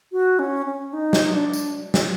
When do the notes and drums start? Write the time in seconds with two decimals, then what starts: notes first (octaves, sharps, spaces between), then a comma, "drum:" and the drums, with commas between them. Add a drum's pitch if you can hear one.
0.12 F#4
0.39 C#4
0.66 C#4
0.93 D#4
1.13 drum: snare
1.33 D4
1.53 drum: tambourine
1.94 drum: snare